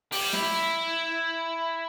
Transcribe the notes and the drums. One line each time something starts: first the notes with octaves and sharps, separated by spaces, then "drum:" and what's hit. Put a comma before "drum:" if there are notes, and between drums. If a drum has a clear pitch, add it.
G3, drum: open hi-hat
E4, drum: snare